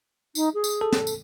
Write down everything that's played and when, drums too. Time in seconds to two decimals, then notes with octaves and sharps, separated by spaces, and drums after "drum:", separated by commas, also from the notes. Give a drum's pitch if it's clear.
0.35 D#4, drum: tambourine
0.54 G#4
0.64 drum: tambourine
0.81 A4
0.92 drum: snare
1.07 drum: tambourine